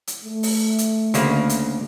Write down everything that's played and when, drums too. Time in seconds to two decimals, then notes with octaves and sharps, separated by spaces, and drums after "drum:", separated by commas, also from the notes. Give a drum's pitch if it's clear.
0.07 drum: hi-hat
0.24 A3
0.43 drum: open hi-hat
0.78 drum: hi-hat
1.14 D2 C#3 A#3, drum: hi-hat
1.49 drum: hi-hat